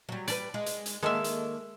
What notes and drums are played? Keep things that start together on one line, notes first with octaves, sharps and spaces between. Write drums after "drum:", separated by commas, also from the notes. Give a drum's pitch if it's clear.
F#3 G3
G3 A4 B4 D5, drum: hi-hat
G#3
drum: hi-hat
drum: hi-hat
D#3 G#3 A#3 A4 E5
drum: hi-hat